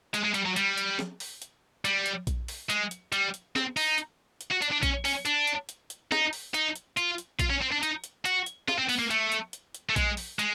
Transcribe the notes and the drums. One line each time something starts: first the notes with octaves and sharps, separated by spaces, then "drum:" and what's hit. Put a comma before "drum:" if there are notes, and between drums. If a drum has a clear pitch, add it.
G#3, drum: hi-hat
G#3
G3, drum: hi-hat
F#3
G3, drum: hi-hat
drum: hi-hat
drum: snare
drum: open hi-hat
drum: hi-hat
G3, drum: hi-hat
drum: hi-hat
drum: kick A#1, hi-hat
drum: open hi-hat
G#3, drum: hi-hat
drum: hi-hat
G3, drum: hi-hat
drum: hi-hat
C4, drum: snare
D#4, drum: open hi-hat
drum: hi-hat
drum: hi-hat
F#4
D4, drum: hi-hat
D4
C#4, drum: kick A#1, hi-hat
C#4, drum: open hi-hat
D4, drum: hi-hat
drum: hi-hat
drum: hi-hat
drum: hi-hat
D#4, drum: snare
drum: open hi-hat
D#4, drum: hi-hat
drum: hi-hat
F4, drum: hi-hat
drum: hi-hat
F4, drum: kick A#1, hi-hat
C#4
C4
D4
D#4, drum: hi-hat
drum: hi-hat
F#4, drum: hi-hat
drum: hi-hat
F4, drum: snare
C4
B3, drum: open hi-hat
A#3
A3, drum: hi-hat
drum: hi-hat
drum: hi-hat
drum: hi-hat
A3
G#3, drum: kick A#1, hi-hat
drum: open hi-hat
G#3, drum: hi-hat